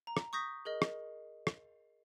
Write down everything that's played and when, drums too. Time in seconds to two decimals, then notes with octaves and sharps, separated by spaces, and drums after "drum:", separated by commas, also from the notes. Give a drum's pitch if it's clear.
0.07 A#5
0.17 drum: rim click
0.33 C#6 D#6 G6 A#6 B6
0.65 G#4 A#4 D#5
0.82 drum: rim click
1.47 drum: rim click